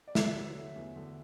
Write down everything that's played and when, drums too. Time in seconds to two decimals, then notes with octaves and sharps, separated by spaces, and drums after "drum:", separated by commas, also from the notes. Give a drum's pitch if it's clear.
0.08 D5
0.15 D3 E5, drum: snare
0.35 F#3
0.56 A3
0.76 E2
0.96 D3